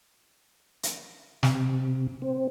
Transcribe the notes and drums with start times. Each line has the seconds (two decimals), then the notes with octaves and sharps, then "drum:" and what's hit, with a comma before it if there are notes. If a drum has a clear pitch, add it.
0.83 drum: hi-hat
1.43 C3, drum: snare
2.22 C4